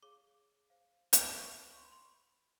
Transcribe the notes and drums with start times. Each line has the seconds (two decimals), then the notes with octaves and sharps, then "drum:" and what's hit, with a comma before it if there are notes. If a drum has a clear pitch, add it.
0.03 G#4 C#5 F5 D6
0.70 C5 F5
1.13 drum: hi-hat
1.36 B4 D5 F5 C#6
1.70 C#6
1.77 C6
1.85 B5
1.92 C6